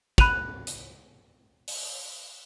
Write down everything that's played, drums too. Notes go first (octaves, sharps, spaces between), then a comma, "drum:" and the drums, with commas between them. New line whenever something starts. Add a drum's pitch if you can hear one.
B5 F#6 D#7 F7 F#7, drum: kick
drum: hi-hat
drum: open hi-hat